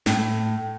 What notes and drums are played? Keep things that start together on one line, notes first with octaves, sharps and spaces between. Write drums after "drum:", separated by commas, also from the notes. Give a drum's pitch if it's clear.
A2, drum: snare